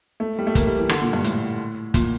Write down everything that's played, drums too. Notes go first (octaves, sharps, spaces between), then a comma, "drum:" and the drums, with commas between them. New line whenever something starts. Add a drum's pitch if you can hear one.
A3
G3
A3
A#3, drum: kick, hi-hat
G3
E3
D3, drum: rim click
A#2
G2
A2, drum: hi-hat
A#2, drum: kick, hi-hat